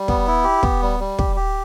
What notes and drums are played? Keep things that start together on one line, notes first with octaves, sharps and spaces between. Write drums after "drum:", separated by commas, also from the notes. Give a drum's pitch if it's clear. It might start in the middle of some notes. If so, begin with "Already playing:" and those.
Already playing: G3
B3, drum: kick
E4
G4
B3, drum: kick
G3
G3
G4, drum: kick
G4